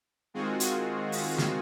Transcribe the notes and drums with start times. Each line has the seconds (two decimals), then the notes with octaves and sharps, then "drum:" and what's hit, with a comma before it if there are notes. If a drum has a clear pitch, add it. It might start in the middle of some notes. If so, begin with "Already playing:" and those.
0.34 D#3 G#3 C4 F4 F#4 G#4
0.60 drum: hi-hat
1.12 drum: open hi-hat
1.38 drum: snare